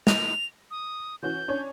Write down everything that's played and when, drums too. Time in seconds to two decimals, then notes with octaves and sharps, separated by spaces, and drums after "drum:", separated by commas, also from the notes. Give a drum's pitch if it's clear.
0.07 A#6 F7, drum: snare
0.71 D#6
1.23 E3 C#4 F#4 G6
1.48 C#4 D4 C#5